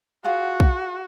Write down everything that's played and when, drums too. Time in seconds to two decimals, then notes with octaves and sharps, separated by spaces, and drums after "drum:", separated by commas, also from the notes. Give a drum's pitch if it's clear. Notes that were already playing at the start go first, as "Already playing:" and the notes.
0.24 F4 F#4 G#4 F#5
0.60 drum: kick